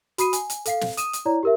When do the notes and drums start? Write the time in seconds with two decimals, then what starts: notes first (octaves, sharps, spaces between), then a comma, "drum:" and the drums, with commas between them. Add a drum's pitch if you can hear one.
0.18 F#4 B5 D#6 C7 D#7, drum: hi-hat
0.33 G#5, drum: hi-hat
0.50 drum: hi-hat
0.66 A4 F5 C7, drum: hi-hat
0.81 drum: snare
0.97 D#6 D#7 E7, drum: hi-hat
1.13 drum: hi-hat
1.25 E4 C#5 D5 A#5
1.43 G4 A#4 E5